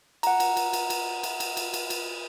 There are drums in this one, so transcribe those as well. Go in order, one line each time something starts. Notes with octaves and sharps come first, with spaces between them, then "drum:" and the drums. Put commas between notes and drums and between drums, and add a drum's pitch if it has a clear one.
F#5 A#5, drum: cymbal
drum: cymbal
drum: cymbal
drum: cymbal
drum: cymbal
drum: cymbal
drum: cymbal
drum: cymbal
drum: cymbal
drum: cymbal